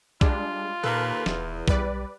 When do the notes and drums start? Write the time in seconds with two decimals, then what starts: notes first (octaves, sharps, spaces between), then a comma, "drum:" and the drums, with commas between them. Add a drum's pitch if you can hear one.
0.21 G3 G#3 D4 F4, drum: kick B1
0.84 D#2 A#2 A#3 A4 B4
1.26 D#1 E2, drum: snare
1.68 B1 G3 B4 D5, drum: kick B1